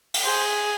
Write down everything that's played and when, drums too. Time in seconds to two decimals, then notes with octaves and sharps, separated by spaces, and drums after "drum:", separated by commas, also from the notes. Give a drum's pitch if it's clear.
0.14 drum: open hi-hat
0.25 G#4 C5